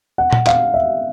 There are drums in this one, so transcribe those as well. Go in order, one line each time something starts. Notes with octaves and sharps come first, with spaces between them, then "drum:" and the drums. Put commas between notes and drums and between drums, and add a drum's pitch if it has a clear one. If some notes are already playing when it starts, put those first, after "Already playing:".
F#5
drum: tom A#2
F5, drum: clap
E5